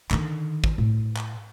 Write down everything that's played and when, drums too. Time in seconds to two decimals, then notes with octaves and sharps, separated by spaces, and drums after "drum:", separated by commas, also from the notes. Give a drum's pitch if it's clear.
0.11 D3 D#3, drum: clap
0.64 drum: kick
0.78 A2
1.17 drum: clap